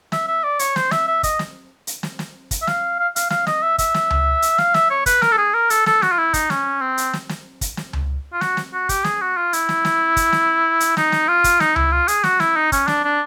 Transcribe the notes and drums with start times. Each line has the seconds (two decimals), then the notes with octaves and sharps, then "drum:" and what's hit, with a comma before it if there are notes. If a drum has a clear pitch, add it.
0.12 E5, drum: snare
0.27 E5
0.44 D5
0.59 C#5, drum: hi-hat
0.76 C5, drum: snare
0.91 E5, drum: snare
1.07 E5
1.23 D#5, drum: kick, hi-hat
1.39 drum: snare
1.87 drum: hi-hat
2.03 drum: snare
2.19 drum: snare
2.51 drum: kick, hi-hat
2.62 E5
2.67 F5, drum: snare
2.99 F5
3.16 F5, drum: hi-hat
3.30 F5, drum: snare
3.47 D#5, drum: snare
3.62 E5
3.78 E5, drum: kick, hi-hat
3.94 drum: snare
4.10 drum: tom C#2
4.42 drum: hi-hat
4.58 F5, drum: snare
4.74 E5, drum: snare
4.90 C#5
5.06 B4, drum: kick, hi-hat
5.22 A#4, drum: snare
5.32 A4
5.38 G#4
5.54 A#4
5.70 A4, drum: hi-hat
5.86 A4, drum: snare
6.02 F#4, drum: snare
6.12 F4
6.18 E4
6.34 D#4, drum: kick, hi-hat
6.50 C#4, drum: snare
6.81 C4
6.98 drum: hi-hat
7.13 drum: snare
7.29 drum: snare
7.61 drum: kick, hi-hat
7.77 drum: snare
7.93 drum: tom C#2
8.33 F4
8.41 F#4, drum: snare
8.57 drum: snare
8.73 F#4
8.89 G4, drum: kick, hi-hat
9.04 G#4, drum: snare
9.21 F#4
9.37 F4
9.53 E4, drum: hi-hat
9.69 drum: snare
9.85 drum: snare
10.17 drum: kick, hi-hat
10.32 drum: snare
10.80 drum: hi-hat
10.97 D#4, drum: snare
11.12 drum: snare
11.28 F4
11.44 drum: kick, hi-hat
11.60 D#4, drum: snare
11.76 E4, drum: tom C#2
11.92 F4
12.08 G#4, drum: hi-hat
12.24 F#4, drum: snare
12.40 E4, drum: snare
12.56 D#4
12.72 C#4, drum: kick, hi-hat
12.88 D4, drum: snare
13.04 D4